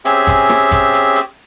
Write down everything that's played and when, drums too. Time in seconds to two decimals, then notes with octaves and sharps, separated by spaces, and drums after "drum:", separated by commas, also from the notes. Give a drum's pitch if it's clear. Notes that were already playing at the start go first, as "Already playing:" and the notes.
0.05 C4 C#4 G4 G#4 E5, drum: hi-hat
0.27 drum: kick G1, hi-hat
0.49 drum: rim click
0.72 drum: kick G1, hi-hat
0.94 drum: hi-hat
1.16 drum: hi-hat